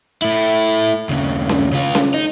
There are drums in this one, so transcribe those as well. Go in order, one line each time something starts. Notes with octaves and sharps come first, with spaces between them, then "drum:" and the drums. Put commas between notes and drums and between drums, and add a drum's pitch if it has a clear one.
A3 E4
D#2 C#3
drum: snare C#4
C#3 F4
drum: snare C#4
D#4